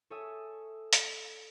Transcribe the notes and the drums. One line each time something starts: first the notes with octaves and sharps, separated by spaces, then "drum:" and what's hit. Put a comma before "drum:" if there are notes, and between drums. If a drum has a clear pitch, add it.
A4 C#5 E5 G#5 D#6 E6
drum: hi-hat